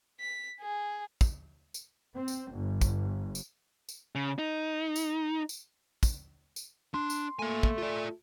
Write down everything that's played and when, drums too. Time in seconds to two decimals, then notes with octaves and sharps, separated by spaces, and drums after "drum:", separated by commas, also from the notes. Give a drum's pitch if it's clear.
0.20 B6
0.61 G#4
1.21 drum: kick, tambourine
1.74 drum: tambourine
2.14 C4
2.28 drum: tambourine
2.50 G1
2.81 drum: kick, tambourine
3.35 drum: tambourine
3.89 drum: tambourine
4.15 C#3
4.38 D#4
4.96 drum: tambourine
5.49 drum: tambourine
6.03 drum: kick, tambourine
6.56 drum: tambourine
6.94 D4 C6
7.10 drum: tambourine
7.39 A3 A#3 G#5
7.63 drum: kick
7.78 F4 D5